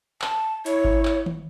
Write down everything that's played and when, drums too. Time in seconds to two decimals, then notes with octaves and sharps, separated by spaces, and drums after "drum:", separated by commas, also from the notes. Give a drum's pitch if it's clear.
0.22 A5, drum: clap
0.66 E4 C#5, drum: hi-hat
0.84 drum: kick G#1
1.05 drum: clap
1.26 drum: tom D#3